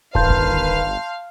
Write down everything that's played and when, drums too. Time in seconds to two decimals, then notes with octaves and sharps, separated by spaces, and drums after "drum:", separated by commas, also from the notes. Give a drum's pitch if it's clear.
0.15 G1 D#3 A#4 B4 F5 A5 C6 G6, drum: kick
0.30 drum: kick